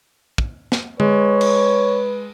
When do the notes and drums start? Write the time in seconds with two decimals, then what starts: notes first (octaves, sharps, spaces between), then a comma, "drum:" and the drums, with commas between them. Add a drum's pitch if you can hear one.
0.38 drum: kick
0.72 drum: snare
1.00 G#3 B4 C#5, drum: tom D3
1.41 drum: cymbal